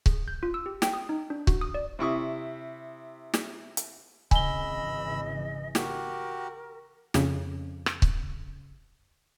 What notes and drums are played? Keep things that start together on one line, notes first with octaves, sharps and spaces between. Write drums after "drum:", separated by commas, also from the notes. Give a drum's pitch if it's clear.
G#4, drum: kick C#1
G6
F4
E6
G4
G5, drum: snare
D#6
D#4
D4
F#4, drum: kick C#1
D#6
D5
C3 E4 C#6 D#6
drum: snare
drum: hi-hat
G#1 C#3 E3 D#5 G#5 B5 E6 G7, drum: kick C#1
F#4 G4 A#4, drum: snare
F2 C#3, drum: snare
drum: rim click
drum: kick C#1